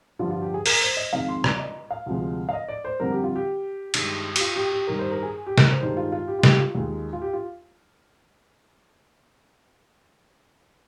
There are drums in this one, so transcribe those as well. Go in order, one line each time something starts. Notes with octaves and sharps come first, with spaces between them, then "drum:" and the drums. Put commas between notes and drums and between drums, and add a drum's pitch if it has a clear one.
G2 D3 F3 F4
F4
G4
G#4
A#4, drum: open hi-hat
C5
D#5
F2 D#3 G#3 F5
C6
D5, drum: rim click
D5
D#5
F5
D2 C3 F3 G#3
F5
D#5
D5
C5
F2 D3 G3 A#4
G4
F4
G4
G2 D#3 G#3, drum: cymbal
G4, drum: cymbal
F4
G4
G4
G2 D#3 G3 A#4
C5
A#4
G#4
G4
A#4, drum: snare
C5
G2 D#3 G#3 C5
F4
F4
G4
F4
G4, drum: snare
F4
D#2 D#3 G#3
F4
G4
F4